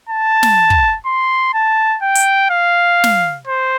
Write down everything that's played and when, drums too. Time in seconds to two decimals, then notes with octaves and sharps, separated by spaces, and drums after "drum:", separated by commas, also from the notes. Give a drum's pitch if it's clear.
0.09 A5
0.43 drum: snare
0.70 drum: kick
1.06 C6
1.54 A5
2.02 G5
2.15 drum: hi-hat
2.50 F5
3.04 drum: snare
3.47 C5